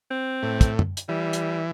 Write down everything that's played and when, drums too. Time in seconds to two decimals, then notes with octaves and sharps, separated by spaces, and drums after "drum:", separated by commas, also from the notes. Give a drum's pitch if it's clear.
0.11 C4
0.43 A2
0.61 drum: kick, hi-hat
0.79 drum: tom
0.97 drum: hi-hat
1.09 E3 G3
1.33 drum: hi-hat